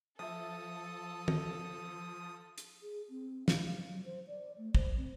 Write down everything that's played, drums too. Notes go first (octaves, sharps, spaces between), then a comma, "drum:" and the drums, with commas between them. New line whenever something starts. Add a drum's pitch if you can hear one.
F3 A4 E5 A5 D#6
drum: tom
drum: hi-hat
G#4
C4
F5, drum: snare
F#3
F#3
C5
D5
A3
C5, drum: kick
C4